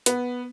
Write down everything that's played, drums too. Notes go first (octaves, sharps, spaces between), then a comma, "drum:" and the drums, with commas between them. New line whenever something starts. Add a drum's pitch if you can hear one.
B3, drum: hi-hat